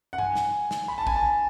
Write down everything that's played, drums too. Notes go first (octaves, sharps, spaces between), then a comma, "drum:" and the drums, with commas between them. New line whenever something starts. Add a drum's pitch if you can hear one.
F#5
G#5, drum: tom G2
drum: snare
drum: snare
B5
A5
G#5, drum: kick A1
A5